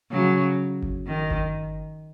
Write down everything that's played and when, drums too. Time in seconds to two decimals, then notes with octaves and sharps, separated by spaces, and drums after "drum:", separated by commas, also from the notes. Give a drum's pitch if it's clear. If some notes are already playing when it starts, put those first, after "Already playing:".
0.11 C#3 F#3
0.83 drum: kick G1
1.06 D#3
1.30 drum: kick G1